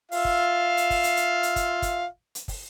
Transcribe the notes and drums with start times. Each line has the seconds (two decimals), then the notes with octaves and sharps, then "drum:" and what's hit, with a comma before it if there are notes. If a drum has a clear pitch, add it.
0.12 F4 E5 F5, drum: open hi-hat
0.25 drum: kick
0.77 drum: hi-hat
0.90 drum: kick, open hi-hat
1.04 drum: hi-hat
1.17 drum: hi-hat
1.43 drum: hi-hat
1.56 drum: kick, hi-hat
1.82 drum: kick, hi-hat
2.35 drum: hi-hat
2.48 drum: kick, open hi-hat